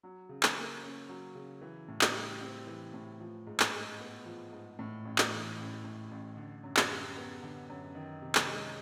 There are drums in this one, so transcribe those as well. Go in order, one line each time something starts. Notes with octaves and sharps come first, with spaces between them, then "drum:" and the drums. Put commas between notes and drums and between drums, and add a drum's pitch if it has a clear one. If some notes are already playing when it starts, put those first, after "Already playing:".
F#3
C#3
drum: clap
A#3
C#4
F#3
C#3
E3
A2
drum: clap
G3
C4
E3
A2
F3
G#2
drum: clap
G#3
B3
F3
G#2
A2
A1
drum: clap
E3
A1
A2
A1
D3
F#2
drum: clap
G3
B3
D3
F#2
D#3
C3
drum: clap
G#3